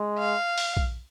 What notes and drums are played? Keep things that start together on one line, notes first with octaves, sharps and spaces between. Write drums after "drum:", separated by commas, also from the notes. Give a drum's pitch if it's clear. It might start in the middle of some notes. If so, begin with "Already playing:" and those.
Already playing: G#3
F5
drum: open hi-hat
drum: kick A#1